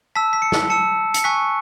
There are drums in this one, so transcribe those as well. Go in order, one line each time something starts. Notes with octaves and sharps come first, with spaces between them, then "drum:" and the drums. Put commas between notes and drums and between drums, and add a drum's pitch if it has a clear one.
A5 E6 B6
B6
C#7
drum: snare
A5 E6 C#7
C#7, drum: hi-hat
G#5 C#6 F#6 B6